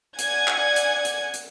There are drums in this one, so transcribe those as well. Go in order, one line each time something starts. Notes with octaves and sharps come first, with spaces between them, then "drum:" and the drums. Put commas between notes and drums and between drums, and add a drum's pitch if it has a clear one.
D5 F#5 G#5 G#6, drum: hi-hat
drum: clap
drum: hi-hat
drum: hi-hat
drum: hi-hat